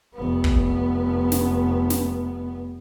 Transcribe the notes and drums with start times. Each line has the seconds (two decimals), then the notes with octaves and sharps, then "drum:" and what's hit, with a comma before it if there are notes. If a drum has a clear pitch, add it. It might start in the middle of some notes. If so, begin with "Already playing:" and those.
0.15 F1 B3
0.44 drum: kick
1.32 drum: snare
1.90 drum: snare